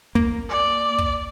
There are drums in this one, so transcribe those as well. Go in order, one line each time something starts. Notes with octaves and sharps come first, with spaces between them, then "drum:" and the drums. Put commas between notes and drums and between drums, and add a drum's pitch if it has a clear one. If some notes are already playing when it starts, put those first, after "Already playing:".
A#3, drum: kick
D5
drum: kick